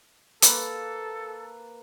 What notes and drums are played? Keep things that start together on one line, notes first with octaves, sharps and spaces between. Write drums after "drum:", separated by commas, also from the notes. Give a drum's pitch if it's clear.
A#3 A4 B4 F5, drum: hi-hat